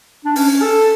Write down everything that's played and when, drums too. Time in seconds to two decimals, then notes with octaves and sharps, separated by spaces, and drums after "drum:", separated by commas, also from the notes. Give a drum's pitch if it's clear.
0.25 D4
0.36 C#4, drum: open hi-hat
0.62 A4